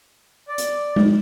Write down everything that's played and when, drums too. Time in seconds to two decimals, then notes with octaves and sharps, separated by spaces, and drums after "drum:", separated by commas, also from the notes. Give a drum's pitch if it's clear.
0.48 D5
0.58 drum: hi-hat
0.96 drum: tom G#3